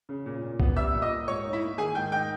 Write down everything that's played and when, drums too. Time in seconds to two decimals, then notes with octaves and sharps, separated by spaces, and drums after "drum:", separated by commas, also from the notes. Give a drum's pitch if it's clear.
0.09 C#3
0.26 A#2
0.43 A#2
0.60 B3, drum: kick
0.76 G3 E5 E6
0.94 A#2
1.02 D#5 D#6
1.11 A#2
1.27 G#2 C#5 C#6
1.44 D#4
1.53 E4 E5
1.61 A#3
1.78 D#3 G#4 G#5
1.95 G#2 G5 G6
2.12 D#4 G5 G6